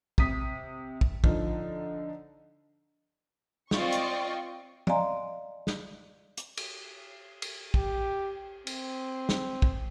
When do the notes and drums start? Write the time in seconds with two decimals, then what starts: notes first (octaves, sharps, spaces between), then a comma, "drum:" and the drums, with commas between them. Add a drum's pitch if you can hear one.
0.18 C3 D#6 B6, drum: kick
1.01 drum: kick
1.24 D3 F3 D#4, drum: kick
3.71 C4 F4 D5 D#5 C#6, drum: snare
3.92 drum: hi-hat
4.87 D5 D#5 F5 G#5 A#5 C6, drum: tom
5.67 drum: snare
6.37 drum: hi-hat
6.57 drum: cymbal
7.42 drum: cymbal
7.74 G4, drum: kick
8.67 C4, drum: cymbal
9.29 drum: snare
9.62 drum: kick